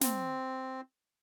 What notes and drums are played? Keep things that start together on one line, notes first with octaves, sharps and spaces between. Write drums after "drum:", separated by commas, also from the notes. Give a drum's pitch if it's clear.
C4, drum: snare